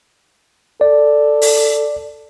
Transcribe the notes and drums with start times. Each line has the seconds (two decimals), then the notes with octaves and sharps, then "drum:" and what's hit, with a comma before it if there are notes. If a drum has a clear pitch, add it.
0.81 A4 D5
1.42 drum: open hi-hat